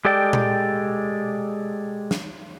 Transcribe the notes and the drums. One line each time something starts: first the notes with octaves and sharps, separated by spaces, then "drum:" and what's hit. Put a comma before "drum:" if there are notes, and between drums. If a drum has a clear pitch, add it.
G#3 G4 A4 D5 G5
drum: tom A#2
drum: snare